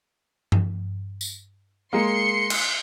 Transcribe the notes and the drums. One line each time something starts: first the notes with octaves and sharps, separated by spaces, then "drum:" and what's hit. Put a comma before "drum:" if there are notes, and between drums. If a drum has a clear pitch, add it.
drum: tom G2
drum: tambourine
G#3 A#3 C6 C#7
drum: cymbal